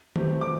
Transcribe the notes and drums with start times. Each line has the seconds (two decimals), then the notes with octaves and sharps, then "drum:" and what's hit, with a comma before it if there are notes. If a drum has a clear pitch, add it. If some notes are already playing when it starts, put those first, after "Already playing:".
0.16 C3 E3 A3 C4 G4, drum: tom D#3
0.41 D6